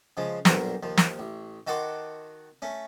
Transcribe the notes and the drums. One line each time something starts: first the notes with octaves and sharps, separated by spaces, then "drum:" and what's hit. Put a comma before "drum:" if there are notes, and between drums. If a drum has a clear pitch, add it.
C#3 F3 G#3
B1 G2 A#2 C5 A#5, drum: snare
D#2 F3
drum: snare
A1
D#3 F#4 A4 F#5 C6 D6
A3 C#4